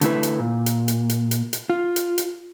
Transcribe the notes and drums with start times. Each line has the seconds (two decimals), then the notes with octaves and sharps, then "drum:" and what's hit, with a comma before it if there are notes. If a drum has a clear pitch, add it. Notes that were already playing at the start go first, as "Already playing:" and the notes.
0.01 D3 A3 E4 B4, drum: hi-hat
0.23 drum: hi-hat
0.39 A#2
0.66 drum: hi-hat
0.88 drum: hi-hat
1.09 drum: hi-hat
1.31 drum: hi-hat
1.53 drum: hi-hat
1.70 F4
1.96 drum: hi-hat
2.18 drum: hi-hat